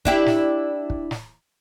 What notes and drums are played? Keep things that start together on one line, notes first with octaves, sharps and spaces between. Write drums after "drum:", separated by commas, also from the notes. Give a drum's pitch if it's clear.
D4 E4 G4, drum: kick
drum: snare
drum: kick
drum: snare